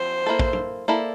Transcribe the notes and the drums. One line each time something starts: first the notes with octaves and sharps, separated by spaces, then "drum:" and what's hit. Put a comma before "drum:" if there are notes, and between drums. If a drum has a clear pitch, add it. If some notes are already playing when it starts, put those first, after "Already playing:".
Already playing: F3 C4 C5
A#3 E4 A4
drum: kick
drum: tom
A#3 E4 A4 D5